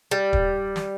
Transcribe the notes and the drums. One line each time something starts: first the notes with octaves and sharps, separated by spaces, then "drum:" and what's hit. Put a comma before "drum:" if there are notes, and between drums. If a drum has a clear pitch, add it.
G3
drum: kick
drum: snare